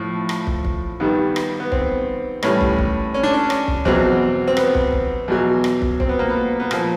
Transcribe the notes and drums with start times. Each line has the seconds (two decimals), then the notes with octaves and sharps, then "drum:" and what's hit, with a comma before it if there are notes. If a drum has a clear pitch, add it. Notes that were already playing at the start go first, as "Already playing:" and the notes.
Already playing: A2 F3
0.29 drum: rim click
0.47 drum: kick
0.65 drum: kick
1.00 G2 D#3 G3 B3
1.36 drum: rim click
1.60 B3
1.72 C4, drum: kick
2.43 A2 E3 G3 C#4, drum: rim click
2.61 drum: kick
2.79 drum: kick
3.14 C#4
3.23 D4
3.34 C#4
3.50 drum: rim click
3.68 drum: kick
3.85 E2 B2 F#3 C4, drum: kick
4.48 C4
4.57 B3, drum: rim click
4.75 drum: kick
4.93 drum: kick
5.28 E2 B2 F#3
5.64 drum: rim click
5.82 drum: kick
6.00 C4, drum: kick
6.09 B3
6.19 A#3
6.29 B3
6.60 B3
6.71 A#2 F3 A#3, drum: rim click